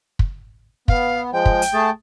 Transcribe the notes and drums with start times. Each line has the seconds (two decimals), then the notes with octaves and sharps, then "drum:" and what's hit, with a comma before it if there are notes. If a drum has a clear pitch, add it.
0.19 drum: kick
0.88 B3 F5, drum: kick
1.33 F3 G#3 G5
1.45 drum: kick
1.62 drum: hi-hat
1.74 A3 G#4 A5